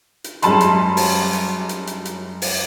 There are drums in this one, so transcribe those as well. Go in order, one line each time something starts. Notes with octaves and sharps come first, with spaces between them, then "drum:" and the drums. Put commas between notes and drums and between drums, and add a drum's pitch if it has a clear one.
drum: hi-hat
F#2 G3 G#3 A5 B5 C6, drum: hi-hat
drum: hi-hat
drum: open hi-hat
drum: hi-hat
drum: hi-hat
drum: hi-hat
drum: hi-hat
drum: open hi-hat